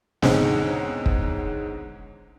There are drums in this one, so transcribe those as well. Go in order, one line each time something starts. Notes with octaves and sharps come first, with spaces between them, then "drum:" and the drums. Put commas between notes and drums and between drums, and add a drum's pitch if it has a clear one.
E2 G#2 D3 G#3 C4 C#4, drum: snare
drum: kick